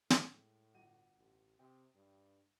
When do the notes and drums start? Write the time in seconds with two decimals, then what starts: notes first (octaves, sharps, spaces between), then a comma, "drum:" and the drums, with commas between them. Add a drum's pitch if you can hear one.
0.10 A2 G#3 E4, drum: snare
0.74 G1 F#4 D#7
1.19 A1
1.59 C3 G5 D#6
1.95 G2